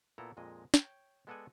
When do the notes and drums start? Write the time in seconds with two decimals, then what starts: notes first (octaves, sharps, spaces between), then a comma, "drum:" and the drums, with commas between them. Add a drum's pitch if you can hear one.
0.18 A#2 B3 E4 A4 A#5
0.37 F2 A#2 G#3 D#5
0.74 C#5 G5, drum: snare
1.27 G#3 B3 A4 D5 F#5 G#5